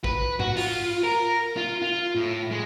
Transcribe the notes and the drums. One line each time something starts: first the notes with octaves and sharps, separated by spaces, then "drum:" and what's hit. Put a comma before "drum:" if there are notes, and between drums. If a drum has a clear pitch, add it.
B4, drum: kick
F#4, drum: tom G#2
F4, drum: open hi-hat
A#4
F4
F4
A2
G#3